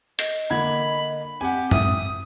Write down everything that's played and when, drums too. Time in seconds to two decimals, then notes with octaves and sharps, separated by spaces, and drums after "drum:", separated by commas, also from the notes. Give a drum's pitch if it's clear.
0.19 D#5, drum: hi-hat
0.51 D3 A#3 B5 G#6
1.41 C4 G4 F#5 G#5
1.71 E5 D#6, drum: tom F#2